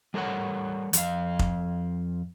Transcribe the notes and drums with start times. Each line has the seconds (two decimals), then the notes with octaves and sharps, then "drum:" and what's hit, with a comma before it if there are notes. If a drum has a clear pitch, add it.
0.14 G3 A4 A#4 C#5 F#5
0.93 F2 F5, drum: hi-hat
1.39 drum: kick F1